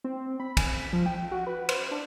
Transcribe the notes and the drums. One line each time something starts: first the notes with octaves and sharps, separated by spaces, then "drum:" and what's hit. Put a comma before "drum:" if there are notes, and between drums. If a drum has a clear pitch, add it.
C4
B5
G#5, drum: kick, cymbal
B6
F3
G5
F#4
B4
C5, drum: cymbal
D4